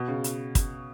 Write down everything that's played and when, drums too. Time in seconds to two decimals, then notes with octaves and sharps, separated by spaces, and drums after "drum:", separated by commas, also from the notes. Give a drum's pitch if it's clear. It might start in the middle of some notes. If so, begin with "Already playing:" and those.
Already playing: B2
0.08 C#3
0.24 drum: hi-hat
0.55 drum: kick, hi-hat